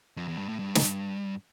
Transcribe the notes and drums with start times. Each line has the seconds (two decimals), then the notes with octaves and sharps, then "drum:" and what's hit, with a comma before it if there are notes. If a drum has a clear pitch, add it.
0.17 F2
0.28 E2
0.38 G2
0.49 A2
0.59 G2
0.75 drum: snare